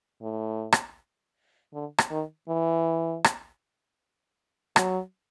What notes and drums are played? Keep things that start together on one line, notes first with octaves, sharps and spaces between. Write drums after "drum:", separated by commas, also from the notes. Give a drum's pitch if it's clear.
A2
drum: rim click
D3
drum: rim click
D#3
E3
drum: rim click
F#3, drum: rim click